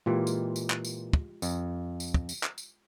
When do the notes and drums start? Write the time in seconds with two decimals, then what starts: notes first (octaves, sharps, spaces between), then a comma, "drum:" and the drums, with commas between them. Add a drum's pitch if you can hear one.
0.06 A#2 E3 G#3 F4 G4
0.27 drum: tambourine
0.56 drum: tambourine
0.70 drum: clap
0.85 drum: tambourine
1.13 drum: kick
1.42 F2, drum: tambourine
2.00 drum: tambourine
2.14 drum: kick
2.29 drum: tambourine
2.43 drum: clap
2.58 drum: tambourine